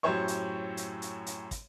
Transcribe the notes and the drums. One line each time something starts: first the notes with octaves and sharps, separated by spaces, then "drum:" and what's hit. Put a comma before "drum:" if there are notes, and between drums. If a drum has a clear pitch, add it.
F#2 A2 G4 C5 C#5 C#6
drum: hi-hat
drum: hi-hat
drum: hi-hat
drum: hi-hat
drum: kick, hi-hat